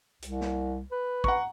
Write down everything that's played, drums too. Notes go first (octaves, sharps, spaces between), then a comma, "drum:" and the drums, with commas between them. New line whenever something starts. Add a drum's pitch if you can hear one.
C2, drum: hi-hat
drum: snare
B4
F#5 A#5 C#6, drum: kick